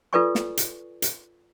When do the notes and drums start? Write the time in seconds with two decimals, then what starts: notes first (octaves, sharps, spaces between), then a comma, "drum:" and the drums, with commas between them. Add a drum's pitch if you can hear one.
0.13 F4 A4 B4 D5 G#5 C#6
0.35 drum: snare
0.57 drum: hi-hat
1.02 drum: hi-hat